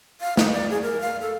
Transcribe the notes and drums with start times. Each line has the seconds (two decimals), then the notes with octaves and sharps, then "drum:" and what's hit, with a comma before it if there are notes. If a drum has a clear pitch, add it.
0.21 F5
0.37 D#4, drum: snare
0.52 D5
0.70 G#4
0.82 A#4
1.01 F5
1.21 A4